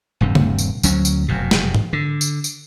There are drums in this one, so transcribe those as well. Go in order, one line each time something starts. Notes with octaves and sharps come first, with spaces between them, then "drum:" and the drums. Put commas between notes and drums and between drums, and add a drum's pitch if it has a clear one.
D#1 G2 C3
drum: tom
drum: tambourine
D2 F#3 C#4, drum: tambourine
drum: tambourine
F1 F#2 B2
drum: snare
drum: tom G#2
D3
drum: tambourine
drum: tambourine